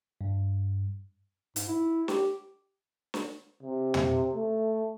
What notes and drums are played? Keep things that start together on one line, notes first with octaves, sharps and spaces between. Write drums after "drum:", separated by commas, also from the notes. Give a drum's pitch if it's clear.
G2
G#2, drum: hi-hat
E4
G4, drum: snare
drum: snare
C3
drum: tom
A3